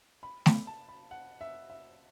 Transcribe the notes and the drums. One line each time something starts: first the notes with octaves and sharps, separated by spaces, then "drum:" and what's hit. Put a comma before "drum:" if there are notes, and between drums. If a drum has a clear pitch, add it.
B5
B5, drum: snare A3
A5
B5
F#5
E5
E5